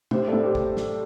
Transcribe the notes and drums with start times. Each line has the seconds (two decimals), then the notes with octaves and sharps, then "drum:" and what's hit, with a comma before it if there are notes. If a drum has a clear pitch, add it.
0.11 A2 G4 C5, drum: tom A2
0.28 A2 A4 D5
0.43 G4 C5
0.55 drum: kick
0.77 drum: snare